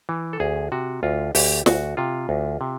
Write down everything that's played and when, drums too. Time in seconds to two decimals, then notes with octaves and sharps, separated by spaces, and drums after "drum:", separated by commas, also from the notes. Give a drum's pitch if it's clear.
0.09 E3
0.33 A4
0.40 D2 G#4
0.72 C3 F#4
1.03 D2 F4
1.35 D2 G4, drum: open hi-hat
1.66 D2 F#4, drum: snare
1.97 C3 F4
2.29 D2
2.61 C3